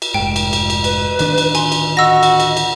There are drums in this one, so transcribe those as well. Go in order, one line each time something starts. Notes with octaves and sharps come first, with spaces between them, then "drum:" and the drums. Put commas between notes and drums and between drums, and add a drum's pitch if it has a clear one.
drum: cymbal
F1 G#2 G5
drum: cymbal
drum: cymbal
drum: cymbal
B4, drum: cymbal
D1 D#3 D4, drum: cymbal
drum: cymbal
G#5 C6, drum: cymbal
drum: cymbal
F#4 D#5 E6 A#6
drum: cymbal
drum: cymbal
drum: cymbal